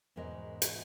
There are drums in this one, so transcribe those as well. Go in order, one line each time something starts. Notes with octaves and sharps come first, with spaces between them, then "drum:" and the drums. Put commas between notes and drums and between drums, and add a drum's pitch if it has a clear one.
E2 G#2 B2 G#3 A#4 D#5
drum: hi-hat